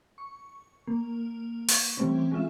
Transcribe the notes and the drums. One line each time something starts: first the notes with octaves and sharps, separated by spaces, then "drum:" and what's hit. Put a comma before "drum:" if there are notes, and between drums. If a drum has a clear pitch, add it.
C#6
A#3
C#6, drum: open hi-hat
E3 G3 A3 C4 C#4
G#3 C#4 F4 E5